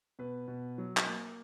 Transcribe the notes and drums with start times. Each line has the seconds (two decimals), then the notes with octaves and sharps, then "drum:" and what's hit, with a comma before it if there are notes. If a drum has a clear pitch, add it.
0.19 B2 B4
0.48 B2
0.78 F#3
0.97 drum: clap
1.06 A#3